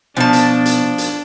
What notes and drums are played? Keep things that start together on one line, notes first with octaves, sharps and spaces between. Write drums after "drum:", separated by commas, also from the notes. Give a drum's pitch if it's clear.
B2 F3 D4 A5
drum: hi-hat
drum: hi-hat
drum: hi-hat